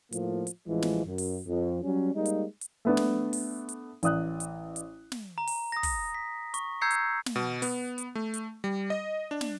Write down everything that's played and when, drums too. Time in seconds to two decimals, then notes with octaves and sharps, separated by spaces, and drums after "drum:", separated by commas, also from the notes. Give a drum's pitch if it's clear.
0.12 A2 F3 A#3 F4, drum: hi-hat
0.47 drum: hi-hat
0.67 A1 E3 F3 G#3
0.82 drum: snare
1.05 F#2
1.18 drum: open hi-hat
1.46 F2
1.83 F#3 G3 C#4
2.14 G3 G#3 A#3 D#4
2.25 drum: hi-hat
2.61 drum: hi-hat
2.85 A3 B3 D4
2.97 drum: snare
3.33 drum: open hi-hat
3.69 drum: hi-hat
4.03 A1 D5 D#6 F#6, drum: hi-hat
4.40 drum: hi-hat
4.76 drum: hi-hat
5.12 drum: snare
5.38 A#5
5.47 drum: open hi-hat
5.72 D#6 A#6
5.83 drum: kick, open hi-hat
6.14 B6
6.54 C#6, drum: hi-hat
6.81 A#5 E6 G6 G#6 C7 C#7
6.90 drum: hi-hat
7.26 drum: snare
7.36 B2
7.62 B3, drum: open hi-hat
7.98 drum: hi-hat
8.15 A3
8.34 drum: hi-hat
8.64 G3
8.90 D#5
9.31 D4
9.41 drum: snare